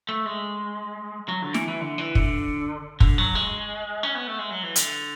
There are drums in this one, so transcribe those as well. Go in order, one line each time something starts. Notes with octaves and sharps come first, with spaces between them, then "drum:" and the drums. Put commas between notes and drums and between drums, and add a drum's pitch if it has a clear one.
A3
G#3
F#3
D3
E3, drum: snare
E3
D3
E3
D3, drum: kick
D3, drum: kick
F#3
G#3
C#4
B3
A3
G#3
F#3
E3
D3, drum: hi-hat